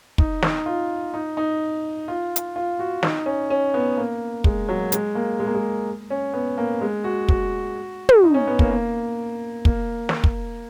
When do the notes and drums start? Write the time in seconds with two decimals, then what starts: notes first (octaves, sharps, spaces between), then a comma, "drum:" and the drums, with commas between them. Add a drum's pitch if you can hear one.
0.18 D#4, drum: kick
0.42 D#4, drum: snare
0.66 F4
1.14 D#4
1.37 D#4
2.08 F4
2.36 drum: hi-hat
2.56 F4
2.79 F#4
3.03 D#4, drum: snare
3.26 C#4
3.50 C#4
3.74 B3
3.97 A#3
4.44 G#3, drum: kick
4.69 F#3
4.92 G#3, drum: hi-hat
5.15 A#3
5.40 G#3
5.47 A#3
5.55 G#3
6.10 C#4
6.33 B3
6.58 A#3
6.81 G#3
7.04 F#4
7.29 F#4, drum: kick
8.09 drum: tom
8.23 D#4
8.34 C#4
8.47 B3
8.59 A#3, drum: kick
8.70 A#3
9.65 A#3, drum: kick
10.09 drum: snare
10.24 drum: kick